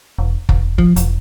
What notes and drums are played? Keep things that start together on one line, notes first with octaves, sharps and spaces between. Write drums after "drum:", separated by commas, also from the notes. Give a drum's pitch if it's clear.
E1
E1, drum: kick
F3, drum: kick
E1, drum: hi-hat